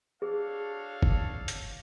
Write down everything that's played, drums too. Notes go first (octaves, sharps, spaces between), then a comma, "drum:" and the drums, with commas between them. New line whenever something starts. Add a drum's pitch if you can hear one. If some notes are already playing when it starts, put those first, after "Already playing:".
D4 F#4 G#4 A4 C#5 F5
drum: kick
drum: hi-hat